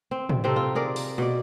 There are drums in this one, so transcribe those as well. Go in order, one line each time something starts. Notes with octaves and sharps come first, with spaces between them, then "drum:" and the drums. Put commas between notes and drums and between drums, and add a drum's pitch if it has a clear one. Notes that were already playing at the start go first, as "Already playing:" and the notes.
C4
drum: tom A2
C3 C4 D#4 A4
F4
G#4 A#4 D5
drum: open hi-hat
B2 D5